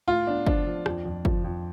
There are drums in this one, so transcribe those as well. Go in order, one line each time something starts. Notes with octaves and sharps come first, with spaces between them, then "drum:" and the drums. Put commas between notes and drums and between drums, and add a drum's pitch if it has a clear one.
A2 F4
B3 D4
F3 D4, drum: kick
F3
F2, drum: rim click
F2
F3, drum: kick
F2